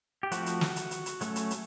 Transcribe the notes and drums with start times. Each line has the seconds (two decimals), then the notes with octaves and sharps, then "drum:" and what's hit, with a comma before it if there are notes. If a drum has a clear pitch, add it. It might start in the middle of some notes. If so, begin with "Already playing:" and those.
0.23 G4
0.32 F3 A3 C4 F#4, drum: hi-hat
0.46 drum: hi-hat
0.61 drum: snare
0.76 drum: hi-hat
0.91 drum: hi-hat
1.06 drum: hi-hat
1.21 F#3 A3 C#4, drum: hi-hat
1.36 drum: hi-hat
1.51 drum: hi-hat